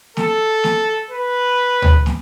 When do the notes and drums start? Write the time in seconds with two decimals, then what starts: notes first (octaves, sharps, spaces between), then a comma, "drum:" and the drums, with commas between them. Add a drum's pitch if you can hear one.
0.17 A4, drum: snare
0.64 drum: snare
1.11 B4
1.82 drum: tom D2
2.06 drum: snare